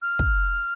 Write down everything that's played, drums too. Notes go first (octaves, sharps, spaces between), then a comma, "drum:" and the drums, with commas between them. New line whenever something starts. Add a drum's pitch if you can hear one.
F6
drum: kick